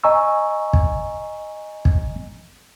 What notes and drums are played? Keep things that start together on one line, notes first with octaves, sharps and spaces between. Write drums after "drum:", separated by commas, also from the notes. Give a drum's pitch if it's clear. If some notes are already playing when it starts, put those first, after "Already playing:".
D#5 G#5 A#5 C#6 E6
drum: kick
drum: kick